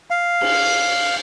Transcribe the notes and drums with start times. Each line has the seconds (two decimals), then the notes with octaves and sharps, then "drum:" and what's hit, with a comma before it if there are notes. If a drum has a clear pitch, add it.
0.10 F5
0.41 drum: cymbal